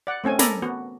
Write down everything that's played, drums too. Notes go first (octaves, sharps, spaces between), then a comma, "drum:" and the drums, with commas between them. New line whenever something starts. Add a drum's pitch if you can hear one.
D5 F#5
A3 C4 C#4 G#5
A4 A#4 D5 G#5 A#5 B5, drum: snare
B3 F#4